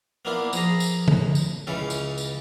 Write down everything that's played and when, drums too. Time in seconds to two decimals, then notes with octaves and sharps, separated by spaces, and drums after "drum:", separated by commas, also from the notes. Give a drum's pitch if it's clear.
0.25 A#3 B3 D4 E4 F4
0.53 F3 G#4 A#5, drum: tambourine
0.80 drum: tambourine
1.08 drum: tom
1.35 drum: tambourine
1.67 C#2 C#3 E3 C#4 A4
1.90 drum: tambourine
2.18 drum: tambourine